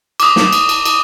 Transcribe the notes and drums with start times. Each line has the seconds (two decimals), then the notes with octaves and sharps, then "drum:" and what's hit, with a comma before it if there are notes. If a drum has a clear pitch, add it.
0.20 D6 D#6, drum: cymbal
0.36 drum: snare
0.53 drum: cymbal
0.69 drum: cymbal
0.85 drum: cymbal